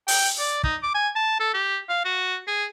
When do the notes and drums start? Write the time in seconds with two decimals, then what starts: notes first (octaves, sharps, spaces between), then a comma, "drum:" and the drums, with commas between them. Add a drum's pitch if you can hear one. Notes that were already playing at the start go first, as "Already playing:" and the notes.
0.08 G5, drum: open hi-hat
0.39 D5
0.64 D#4, drum: kick
0.83 D6
0.95 G#5
1.15 A5
1.40 A4
1.54 G4
1.89 F5
2.05 F#4
2.47 G#4